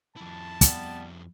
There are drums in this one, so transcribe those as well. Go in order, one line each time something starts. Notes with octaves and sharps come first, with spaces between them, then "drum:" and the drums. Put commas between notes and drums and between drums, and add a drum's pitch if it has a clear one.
F2 E4 A5
G3 B3, drum: kick, hi-hat